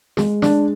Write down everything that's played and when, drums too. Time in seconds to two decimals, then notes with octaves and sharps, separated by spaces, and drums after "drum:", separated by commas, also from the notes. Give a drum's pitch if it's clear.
0.17 G#3, drum: snare
0.42 D4, drum: snare